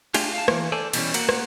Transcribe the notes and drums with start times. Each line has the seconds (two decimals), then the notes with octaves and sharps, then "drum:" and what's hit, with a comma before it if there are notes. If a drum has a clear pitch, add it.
0.14 A3 D4 F4 G4 G#4, drum: cymbal
0.34 F5 A5
0.48 E3 A#3, drum: rim click
0.72 A4 C5 D5 G#5 A5
0.93 B2 E3 G3 C#4, drum: cymbal
1.14 A#3 F#4 F#5, drum: cymbal
1.29 drum: rim click